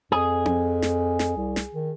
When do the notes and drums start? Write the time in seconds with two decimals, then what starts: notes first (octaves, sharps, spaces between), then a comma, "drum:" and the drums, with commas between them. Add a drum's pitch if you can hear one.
0.12 F2 G#4
0.46 drum: tom C4
0.82 drum: snare
1.19 drum: snare
1.37 C2
1.56 drum: snare
1.75 D#3